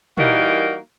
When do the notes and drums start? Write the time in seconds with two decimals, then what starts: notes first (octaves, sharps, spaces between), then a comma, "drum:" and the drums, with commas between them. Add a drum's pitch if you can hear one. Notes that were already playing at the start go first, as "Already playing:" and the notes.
0.17 E3 G3 A#3 D#4 F#4 A#4, drum: tom